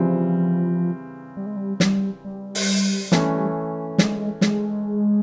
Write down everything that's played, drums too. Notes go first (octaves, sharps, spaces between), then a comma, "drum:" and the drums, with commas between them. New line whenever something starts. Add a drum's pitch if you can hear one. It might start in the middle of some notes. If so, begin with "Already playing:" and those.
Already playing: C#3 E3 F3 G3 C4
G3
G#3
G3
G3, drum: snare
G3
drum: open hi-hat
E3 A3 C#4, drum: snare
G#3, drum: snare
G#3, drum: snare